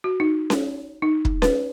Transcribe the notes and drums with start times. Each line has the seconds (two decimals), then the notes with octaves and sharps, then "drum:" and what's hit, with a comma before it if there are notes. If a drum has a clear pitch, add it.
0.04 F#4
0.20 D#4
0.50 drum: snare C#4
1.02 D#4
1.25 drum: kick
1.42 B4, drum: snare C#4